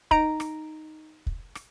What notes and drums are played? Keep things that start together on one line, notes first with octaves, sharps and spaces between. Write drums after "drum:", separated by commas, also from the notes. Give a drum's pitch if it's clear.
D#4 A#5 D7, drum: kick
drum: rim click
drum: kick
drum: rim click